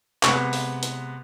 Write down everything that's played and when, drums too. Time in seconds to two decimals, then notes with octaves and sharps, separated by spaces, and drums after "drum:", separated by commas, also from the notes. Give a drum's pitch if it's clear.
0.23 C3 G#3 B3, drum: clap
0.53 drum: open hi-hat
0.83 drum: hi-hat